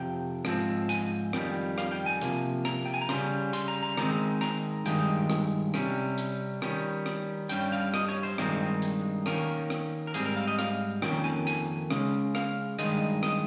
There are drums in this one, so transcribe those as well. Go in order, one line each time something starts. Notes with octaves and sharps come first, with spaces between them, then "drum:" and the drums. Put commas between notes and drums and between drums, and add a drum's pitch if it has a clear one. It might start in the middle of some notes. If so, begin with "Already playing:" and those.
Already playing: F2 C3 G5
G#2 F3 C4, drum: rim click
G#5, drum: hi-hat
F2 D#3 G3, drum: rim click
F5, drum: rim click
G5
G#5
C3 F3 A#3, drum: hi-hat
A#5, drum: rim click
G5
G#5
A#5
C#3 G3 C#4 C6, drum: rim click
C6, drum: hi-hat
A#5
A#5
D#3 G#3 C4 D#4 A#5, drum: rim click
A#5, drum: rim click
G2 D#3 G#3 D#4 G5, drum: hi-hat
drum: rim click
C3 G3 C#4, drum: rim click
drum: hi-hat
D#3 G3 C#4, drum: rim click
drum: rim click
G2 G3 C#4 G5, drum: hi-hat
F5
D#5, drum: rim click
C#5
C5
G2 D#3 G#3 C4 D#4, drum: rim click
drum: hi-hat
D#3 A#3 C#4 A#4, drum: rim click
drum: rim click
A#4
G#2 G3 C4 G#4, drum: hi-hat
A#4
F5
D#5
F5, drum: rim click
F2 D#3 A#3 C#4 G5, drum: rim click
G#5
G#5, drum: hi-hat
C#3 G#3 C#4, drum: rim click
F5, drum: rim click
G2 D#3 G#3 D#5, drum: hi-hat
D#5, drum: rim click